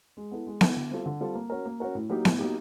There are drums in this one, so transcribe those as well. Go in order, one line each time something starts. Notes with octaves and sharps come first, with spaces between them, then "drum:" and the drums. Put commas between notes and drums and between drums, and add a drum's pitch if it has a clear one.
G#3
B3 E4 A4
G#3
B3 E4 A4, drum: snare B3
D3
G3 C4 F4 A4
D3
G3 C4 F4 A4
A#3
C#4 F#4 A#4
A#3
C#4 F#4 A#4
A2
F#3 A#3 D#4 G4
A2, drum: snare B3
F#3 A#3 D#4 G4